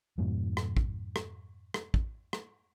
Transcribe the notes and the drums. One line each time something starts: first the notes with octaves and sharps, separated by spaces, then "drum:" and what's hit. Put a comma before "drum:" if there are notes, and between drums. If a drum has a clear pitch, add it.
F2 G#2 B2
drum: rim click
drum: kick
drum: rim click
drum: rim click
drum: kick
drum: rim click